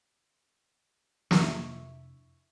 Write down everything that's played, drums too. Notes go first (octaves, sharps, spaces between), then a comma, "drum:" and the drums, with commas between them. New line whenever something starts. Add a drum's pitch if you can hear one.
F2 C3 D4 E4 E5 C#6, drum: snare